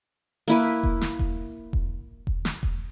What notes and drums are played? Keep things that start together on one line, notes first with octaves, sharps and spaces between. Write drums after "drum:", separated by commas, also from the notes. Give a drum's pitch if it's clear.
A#3 E4 B4
drum: kick E1
drum: snare
drum: kick E1
drum: kick E1
drum: kick E1
drum: snare
drum: kick E1